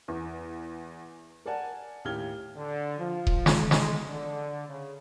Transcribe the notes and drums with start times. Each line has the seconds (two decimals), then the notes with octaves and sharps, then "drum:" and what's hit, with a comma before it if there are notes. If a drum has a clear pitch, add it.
0.08 E2
1.46 A#4 D5 F#5 G#5 A5
2.05 D#2 A2 G4 F6 G#6 G7
2.56 D3
2.99 F3
3.27 drum: kick D#1
3.46 drum: snare
3.71 G#3, drum: snare
4.08 D3
4.68 C#3